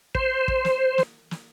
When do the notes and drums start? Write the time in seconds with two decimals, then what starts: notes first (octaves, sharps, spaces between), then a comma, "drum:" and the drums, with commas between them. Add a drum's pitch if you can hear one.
0.15 C5, drum: kick
0.48 drum: kick
0.65 drum: snare
0.98 drum: snare
1.31 drum: snare